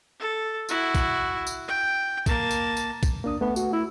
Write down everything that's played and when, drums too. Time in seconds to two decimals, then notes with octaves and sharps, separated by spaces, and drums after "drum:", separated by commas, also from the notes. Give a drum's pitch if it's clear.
0.20 A4
0.69 E4 F#4, drum: tambourine
0.95 drum: kick, tambourine
1.47 drum: tambourine
1.68 G5
2.26 A#3 A5, drum: kick, tambourine
2.51 drum: tambourine
2.77 drum: tambourine
3.03 drum: kick, tambourine
3.24 A#3 D4 D#6
3.41 A3 B3
3.56 F#4, drum: tambourine
3.73 E4